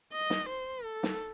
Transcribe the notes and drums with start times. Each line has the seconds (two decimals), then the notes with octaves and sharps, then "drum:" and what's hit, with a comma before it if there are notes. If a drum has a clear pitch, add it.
0.12 D#5
0.30 drum: snare
0.49 C5
0.85 A4
1.03 drum: snare